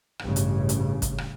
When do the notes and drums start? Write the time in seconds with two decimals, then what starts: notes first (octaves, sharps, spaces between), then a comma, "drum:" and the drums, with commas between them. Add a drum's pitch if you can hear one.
0.19 A1 G2 C#3, drum: rim click
0.36 drum: hi-hat
0.69 drum: hi-hat
1.02 drum: kick, hi-hat
1.18 drum: rim click